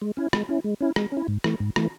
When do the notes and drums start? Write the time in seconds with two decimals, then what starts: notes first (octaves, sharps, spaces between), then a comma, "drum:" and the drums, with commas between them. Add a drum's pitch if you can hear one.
0.02 G#3
0.17 C#4 E4
0.33 G#3, drum: rim click
0.49 C#4 E4
0.64 G#3
0.81 C#4 E4
0.96 G#3, drum: rim click
1.12 C#4 E4
1.28 G#2
1.44 E3 A3, drum: rim click
1.60 G#2
1.76 E3 A3, drum: rim click